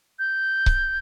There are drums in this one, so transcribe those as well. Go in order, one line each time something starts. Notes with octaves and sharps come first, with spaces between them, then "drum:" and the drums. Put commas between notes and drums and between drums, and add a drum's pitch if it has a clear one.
G6
drum: kick C#1